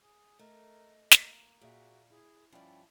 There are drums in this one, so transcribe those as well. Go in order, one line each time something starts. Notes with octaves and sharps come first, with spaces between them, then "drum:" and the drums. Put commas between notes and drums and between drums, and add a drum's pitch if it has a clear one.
G#4
A3 A#4 D#5
A#3, drum: snare
A#2 F#4 G#4 E5
E4 G#4
G2 F3 C#4 E4 D5 G5